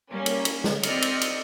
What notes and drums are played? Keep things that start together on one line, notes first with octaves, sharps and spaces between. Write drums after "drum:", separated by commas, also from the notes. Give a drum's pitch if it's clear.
G3 A#3 C#4
drum: cymbal
drum: cymbal
drum: snare G#4
C4 D5 D#5 F6 C#7, drum: cymbal
drum: cymbal
drum: cymbal